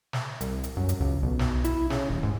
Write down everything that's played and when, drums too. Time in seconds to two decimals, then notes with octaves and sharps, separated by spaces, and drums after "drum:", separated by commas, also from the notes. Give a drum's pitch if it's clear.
0.13 drum: snare
0.41 C2, drum: hi-hat
0.64 drum: hi-hat
0.77 F#2
0.89 drum: hi-hat
1.00 C#2
1.23 B1
1.39 drum: snare
1.64 E4, drum: hi-hat
1.90 C#3, drum: snare
2.09 D#1
2.23 G#2